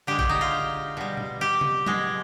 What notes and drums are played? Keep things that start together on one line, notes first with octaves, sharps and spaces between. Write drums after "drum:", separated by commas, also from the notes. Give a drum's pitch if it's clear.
D3 G#3 G4
G4, drum: kick
D#4
F4
B2 G3
drum: tom
G4
drum: tom C#3
B2 G#3, drum: tom F#3